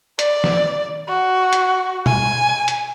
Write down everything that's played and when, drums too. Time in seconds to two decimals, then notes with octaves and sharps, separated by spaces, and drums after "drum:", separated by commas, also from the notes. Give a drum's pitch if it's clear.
0.19 D5, drum: hi-hat
0.44 drum: snare
1.08 F#4
1.53 drum: hi-hat
2.06 G#5, drum: tom B2
2.68 drum: hi-hat